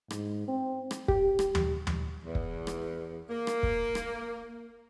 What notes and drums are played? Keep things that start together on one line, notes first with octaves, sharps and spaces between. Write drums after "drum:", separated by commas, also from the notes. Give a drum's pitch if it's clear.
G#2, drum: rim click
C4
drum: rim click
G4, drum: kick
drum: rim click
drum: tom
drum: tom
E2
drum: kick
drum: rim click
A#3
drum: rim click
drum: kick
drum: rim click